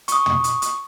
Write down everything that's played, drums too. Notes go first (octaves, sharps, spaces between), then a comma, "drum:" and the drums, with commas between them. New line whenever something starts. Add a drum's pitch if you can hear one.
C#6 D#6, drum: hi-hat
drum: tom
drum: hi-hat
drum: hi-hat